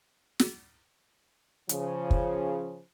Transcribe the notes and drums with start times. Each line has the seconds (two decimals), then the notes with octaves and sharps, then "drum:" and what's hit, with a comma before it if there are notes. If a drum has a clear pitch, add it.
0.40 drum: snare
1.69 C#3 F3, drum: hi-hat
2.11 drum: kick